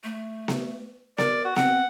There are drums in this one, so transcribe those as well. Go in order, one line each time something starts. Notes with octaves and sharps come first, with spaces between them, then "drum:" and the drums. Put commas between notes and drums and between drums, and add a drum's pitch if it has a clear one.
A3
drum: snare B3
A#4 D5, drum: snare B3
F#4
C4 F#5, drum: snare B3